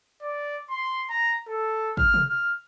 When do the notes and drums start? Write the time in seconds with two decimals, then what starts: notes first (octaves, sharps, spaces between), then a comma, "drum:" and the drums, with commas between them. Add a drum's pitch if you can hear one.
0.22 D5
0.70 C6
1.10 A#5
1.48 A4
1.97 F6, drum: kick
2.14 drum: tom C3
2.29 F6